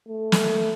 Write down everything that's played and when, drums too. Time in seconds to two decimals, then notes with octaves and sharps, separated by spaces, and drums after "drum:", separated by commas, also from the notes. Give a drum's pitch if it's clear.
0.09 A3
0.32 drum: snare